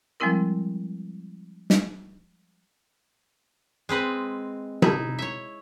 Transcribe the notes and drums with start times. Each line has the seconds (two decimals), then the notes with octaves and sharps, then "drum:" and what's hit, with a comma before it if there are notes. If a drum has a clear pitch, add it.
0.20 F3 G3 G#3 C4 E4 A#4
1.70 drum: snare
3.89 G#3 C4 B4 D#5
4.82 D#4 E4, drum: tom C3
5.19 C#5 E5